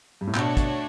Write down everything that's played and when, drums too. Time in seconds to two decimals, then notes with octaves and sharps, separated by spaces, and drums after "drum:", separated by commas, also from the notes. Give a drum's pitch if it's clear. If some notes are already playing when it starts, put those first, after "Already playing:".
0.21 G2
0.27 A2
0.35 B2 A3 D4 F#4 C#5, drum: clap
0.57 drum: kick, hi-hat